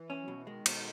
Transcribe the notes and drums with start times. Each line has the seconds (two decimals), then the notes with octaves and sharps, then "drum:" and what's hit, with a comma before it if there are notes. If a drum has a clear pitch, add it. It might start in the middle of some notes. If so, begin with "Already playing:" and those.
Already playing: E3
0.10 C#4
0.21 F#3
0.28 B2
0.34 E3
0.46 D#3 G#3
0.66 B2, drum: cymbal